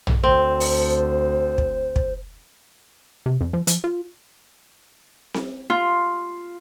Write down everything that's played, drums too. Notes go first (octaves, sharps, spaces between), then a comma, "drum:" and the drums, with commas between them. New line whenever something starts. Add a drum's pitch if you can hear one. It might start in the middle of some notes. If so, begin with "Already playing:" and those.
drum: tom
D2 C4 C5
drum: open hi-hat
drum: kick
drum: kick
C3
F2
F3
F3, drum: hi-hat
F4
drum: snare C4
F4